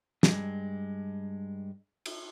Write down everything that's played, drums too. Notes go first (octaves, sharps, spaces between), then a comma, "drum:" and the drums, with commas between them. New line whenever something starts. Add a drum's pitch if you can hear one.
G2 G#3, drum: snare
drum: cymbal